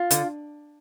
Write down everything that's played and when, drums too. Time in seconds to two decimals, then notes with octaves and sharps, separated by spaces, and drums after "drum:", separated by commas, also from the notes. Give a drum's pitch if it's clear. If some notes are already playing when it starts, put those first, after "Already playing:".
Already playing: F4
0.11 D3, drum: hi-hat